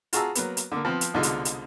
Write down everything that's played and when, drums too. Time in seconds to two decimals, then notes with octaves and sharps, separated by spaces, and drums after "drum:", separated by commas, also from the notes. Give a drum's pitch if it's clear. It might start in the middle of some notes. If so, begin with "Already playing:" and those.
0.13 F4 F#4 G#4 A5 A#5 E6, drum: hi-hat
0.35 F#3 A#3 B3, drum: hi-hat
0.57 drum: hi-hat
0.72 D3 A#3
0.85 F3 B3 C4
1.01 drum: hi-hat
1.14 C2 B2 D3 G#3 D#4 F4
1.23 drum: hi-hat
1.45 drum: hi-hat